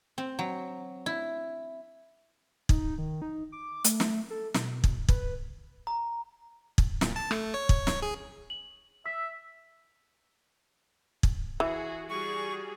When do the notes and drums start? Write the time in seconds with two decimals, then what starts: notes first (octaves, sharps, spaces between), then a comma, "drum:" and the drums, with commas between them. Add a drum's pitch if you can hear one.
0.18 C4
0.39 F#3
1.06 E4
2.69 D#4, drum: kick
2.98 D#3
3.22 D#4
3.52 D6
3.85 A3, drum: hi-hat
4.00 drum: snare
4.30 A4
4.54 B2, drum: snare
4.84 drum: kick
5.08 B4, drum: kick
5.87 A#5
6.78 drum: kick
7.01 A#2, drum: snare
7.16 A5
7.31 A3, drum: rim click
7.54 C#5
7.69 C#5, drum: kick
7.87 C#5, drum: snare
8.02 G#4
8.50 F#7
9.06 E5 E6 B6
11.23 drum: kick
11.60 E3 F#4 G#4
12.10 G3 F#4 G#4 C#6